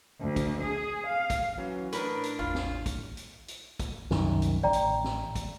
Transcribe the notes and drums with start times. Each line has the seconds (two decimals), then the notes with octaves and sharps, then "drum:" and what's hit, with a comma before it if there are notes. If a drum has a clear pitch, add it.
0.20 D2
0.36 drum: kick, hi-hat
0.61 G#4
1.06 F5
1.30 drum: kick, hi-hat
1.57 E3 F#3 C#4
1.93 A2 D4 A#4 B4, drum: hi-hat
2.23 drum: hi-hat
2.39 A1 E2 F4
2.55 drum: snare
2.86 drum: kick, hi-hat
3.17 drum: hi-hat
3.48 drum: hi-hat
3.79 drum: kick, hi-hat
4.11 C2 F#2 D#3, drum: snare
4.42 drum: hi-hat
4.63 A1 D5 G5 A#5
4.73 drum: hi-hat
5.04 drum: snare
5.35 drum: kick, hi-hat